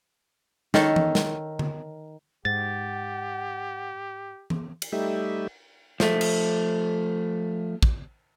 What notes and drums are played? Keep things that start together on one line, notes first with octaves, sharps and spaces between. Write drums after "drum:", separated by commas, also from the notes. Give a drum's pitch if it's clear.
D#3 A4 C#5, drum: snare
drum: tom E3
drum: snare
drum: tom D3
G#2 G4 F#5 A6
drum: tom E3
drum: cymbal
G3 A3 D#4 G4 E5
F3 A3, drum: snare
drum: cymbal
drum: kick